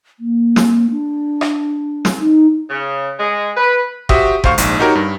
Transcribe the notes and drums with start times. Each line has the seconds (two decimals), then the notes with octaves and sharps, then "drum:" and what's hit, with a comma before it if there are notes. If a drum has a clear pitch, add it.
0.19 A#3
0.56 drum: snare
0.90 D4
1.41 drum: rim click
2.05 drum: snare
2.19 D#4
2.70 C#3
3.20 G#3
3.57 B4
4.09 F#4 G4 C5 E5 D#6, drum: kick F#1
4.44 D2 C5 F5 C#6, drum: kick F#1
4.58 A#1 G#2, drum: hi-hat
4.80 D#4 F#4 G4 A#4 C#5
4.95 G2